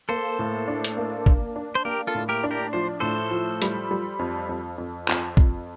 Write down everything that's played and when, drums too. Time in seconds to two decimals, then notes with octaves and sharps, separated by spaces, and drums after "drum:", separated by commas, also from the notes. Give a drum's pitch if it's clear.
0.09 A#3 A4 C5
0.39 A2
0.68 D4
0.84 drum: hi-hat
0.97 A#3
1.26 D4, drum: kick
1.56 D4
1.75 C5
1.85 A#3 G4 A#4
2.07 F4 A4
2.15 A2
2.29 G4 A#4
2.44 D4
2.51 G4 A#4
2.73 F3 C5
3.00 A2 A4 C5
3.31 F3
3.62 G3, drum: hi-hat
3.91 G3
4.19 F2
4.49 F2
4.78 F2
5.08 F2, drum: clap
5.37 F2, drum: kick